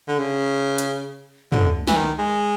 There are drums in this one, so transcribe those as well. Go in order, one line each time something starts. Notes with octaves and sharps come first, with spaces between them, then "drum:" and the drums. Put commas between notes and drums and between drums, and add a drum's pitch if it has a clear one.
D3
C#3
drum: hi-hat
D3, drum: tom
E3, drum: snare
D#3
G#3